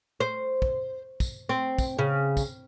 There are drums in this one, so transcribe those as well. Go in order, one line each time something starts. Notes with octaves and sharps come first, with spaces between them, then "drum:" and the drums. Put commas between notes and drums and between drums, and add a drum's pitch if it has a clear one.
C5
drum: kick
drum: kick, tambourine
C4
drum: kick, tambourine
C#3
drum: kick, tambourine